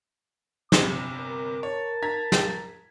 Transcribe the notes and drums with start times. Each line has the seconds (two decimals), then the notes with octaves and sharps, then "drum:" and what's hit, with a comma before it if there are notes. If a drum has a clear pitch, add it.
0.72 G1 C3 D6, drum: snare
1.20 A#4
1.63 C#5 A5
2.03 A#5 G#6 B6
2.32 drum: snare